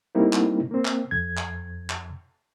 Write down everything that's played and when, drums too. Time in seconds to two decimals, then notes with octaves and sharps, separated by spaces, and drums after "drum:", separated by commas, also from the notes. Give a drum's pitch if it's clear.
0.15 G3 A3 A#3 C4 D#4 E4
0.33 drum: clap
0.71 A#3 C4
0.85 drum: clap
1.11 F2 G#6
1.37 drum: clap
1.90 drum: clap